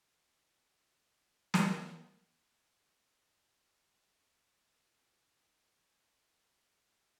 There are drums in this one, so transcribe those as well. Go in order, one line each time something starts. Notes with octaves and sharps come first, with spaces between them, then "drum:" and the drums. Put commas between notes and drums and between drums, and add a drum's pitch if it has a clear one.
C4 D#4 A#4 C5 D#5 C6
D#3 D#5 F5 D#7
drum: snare
A1 G#2 F3 D4
G#3 C5
D4 A4
C3 C#4
C5
C#3 G3
C#3 G#4
F#3